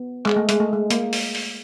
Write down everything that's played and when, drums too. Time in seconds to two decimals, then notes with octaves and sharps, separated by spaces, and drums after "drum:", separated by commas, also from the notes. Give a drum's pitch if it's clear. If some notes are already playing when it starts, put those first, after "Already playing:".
Already playing: B3
0.26 G#3, drum: clap
0.36 A3
0.49 G#3, drum: hi-hat
0.60 A3
0.73 G#3
0.90 A#3, drum: hi-hat
1.13 drum: open hi-hat
1.35 drum: open hi-hat